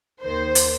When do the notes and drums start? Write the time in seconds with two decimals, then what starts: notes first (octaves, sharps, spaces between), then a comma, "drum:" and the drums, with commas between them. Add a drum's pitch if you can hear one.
0.22 D#2 D#3 C5
0.55 drum: hi-hat